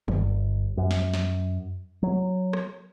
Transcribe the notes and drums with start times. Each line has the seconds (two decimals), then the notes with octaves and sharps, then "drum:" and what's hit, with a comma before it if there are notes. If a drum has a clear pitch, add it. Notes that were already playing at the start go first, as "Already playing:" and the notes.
0.08 G1, drum: tom D3
0.77 F#2
0.91 drum: snare
1.13 drum: snare
2.03 F#3
2.53 drum: rim click